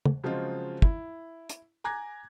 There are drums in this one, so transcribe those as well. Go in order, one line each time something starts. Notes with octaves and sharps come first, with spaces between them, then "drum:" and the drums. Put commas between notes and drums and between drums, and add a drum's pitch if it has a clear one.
drum: tom
C#3 F3 F#3 G#3 C4 F4
E4, drum: kick
drum: hi-hat
G#5 A#5 D6 F#6 G#6 A#6